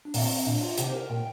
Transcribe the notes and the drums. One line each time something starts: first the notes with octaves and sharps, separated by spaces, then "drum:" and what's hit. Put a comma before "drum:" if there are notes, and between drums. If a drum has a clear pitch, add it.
D4
A#2 C4, drum: open hi-hat
C4
A#2 D4
F4
C3 G4, drum: hi-hat
C5
A#4
A#2 G5